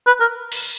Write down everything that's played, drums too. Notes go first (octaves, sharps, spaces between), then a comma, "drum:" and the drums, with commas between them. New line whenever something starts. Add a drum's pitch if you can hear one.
B4
A#4
drum: cymbal